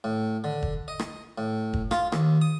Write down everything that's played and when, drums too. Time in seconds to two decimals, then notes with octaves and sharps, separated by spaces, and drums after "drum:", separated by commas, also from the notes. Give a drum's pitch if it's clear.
0.04 A2
0.44 D3
0.62 drum: kick
0.88 D#5
0.99 drum: rim click
1.38 A2
1.73 drum: kick
1.91 F4, drum: rim click
2.12 D#2, drum: rim click
2.42 D#6